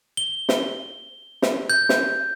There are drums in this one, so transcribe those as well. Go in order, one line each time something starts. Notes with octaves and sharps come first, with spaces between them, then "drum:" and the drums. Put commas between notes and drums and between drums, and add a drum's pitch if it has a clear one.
G7
drum: snare
drum: snare
G6
drum: snare